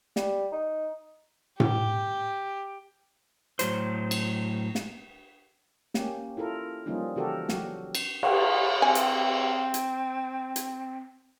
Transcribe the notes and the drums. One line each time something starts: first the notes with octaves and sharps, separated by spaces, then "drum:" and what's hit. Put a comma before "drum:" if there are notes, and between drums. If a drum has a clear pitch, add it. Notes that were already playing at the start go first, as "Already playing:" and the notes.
G3, drum: snare
D#4
G4, drum: tom A2
A2 F#3 C5, drum: hi-hat
drum: cymbal
drum: snare
A#3 C#4 G4, drum: snare
E4 F4 A4 A#4
F3 G3 A#3 C#4 D#4 F4
C#3 E3 F#4 G4 A4 A#4
F#3 F#4 G4, drum: snare
drum: cymbal
drum: cymbal
C4 G#5
drum: hi-hat
drum: hi-hat
drum: hi-hat